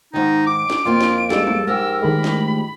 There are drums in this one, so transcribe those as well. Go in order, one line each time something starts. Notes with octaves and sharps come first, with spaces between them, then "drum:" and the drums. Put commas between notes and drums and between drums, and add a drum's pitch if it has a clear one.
G#2 D#3 D#4
D6 D7
drum: snare
F2 A#3 F4
drum: snare
G3 G#3 A4, drum: snare
drum: tom G3
G#2 F3 G4 A#4 E6
D#3 G#3 A3 B5
drum: snare